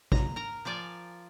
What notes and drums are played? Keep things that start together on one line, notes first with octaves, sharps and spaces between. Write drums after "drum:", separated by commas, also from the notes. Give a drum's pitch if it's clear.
A#5, drum: kick
A#4 A#5
F3 F4 D5 G#5